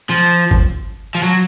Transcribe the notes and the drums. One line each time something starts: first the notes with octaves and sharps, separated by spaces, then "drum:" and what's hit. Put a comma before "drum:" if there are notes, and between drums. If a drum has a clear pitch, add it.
F3
drum: kick G1
F3
F#3